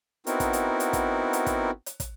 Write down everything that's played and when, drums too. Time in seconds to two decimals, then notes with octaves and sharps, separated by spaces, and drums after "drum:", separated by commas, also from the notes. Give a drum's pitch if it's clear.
0.27 B3 C4 D#4 E4 F#4 A#4, drum: hi-hat
0.40 drum: kick, hi-hat
0.53 drum: hi-hat
0.80 drum: hi-hat
0.93 drum: kick, hi-hat
1.33 drum: hi-hat
1.46 drum: kick, hi-hat
1.86 drum: hi-hat
2.00 drum: kick, hi-hat